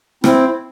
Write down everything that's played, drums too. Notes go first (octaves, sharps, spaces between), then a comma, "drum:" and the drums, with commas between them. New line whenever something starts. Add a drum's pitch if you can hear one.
C4 E4, drum: rim click